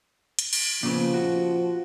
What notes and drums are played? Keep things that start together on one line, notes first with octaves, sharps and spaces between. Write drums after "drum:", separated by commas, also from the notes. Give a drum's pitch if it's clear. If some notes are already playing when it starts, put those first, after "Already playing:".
drum: hi-hat
drum: cymbal
A#2 C#3 F3 B3
F#4